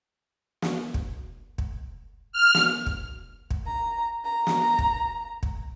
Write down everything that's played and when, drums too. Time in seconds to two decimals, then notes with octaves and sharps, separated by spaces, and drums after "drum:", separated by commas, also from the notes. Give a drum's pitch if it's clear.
0.62 drum: snare
0.94 drum: kick
1.58 drum: kick
2.33 F6
2.54 drum: snare
2.86 drum: kick
3.51 drum: kick
3.67 A#5
4.25 A#5
4.47 drum: snare
4.79 drum: kick
5.43 drum: kick